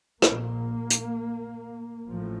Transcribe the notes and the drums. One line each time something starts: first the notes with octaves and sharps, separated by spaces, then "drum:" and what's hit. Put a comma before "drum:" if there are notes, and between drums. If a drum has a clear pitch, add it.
A#1 A#2 A#3, drum: rim click
drum: hi-hat
A1 A2 F3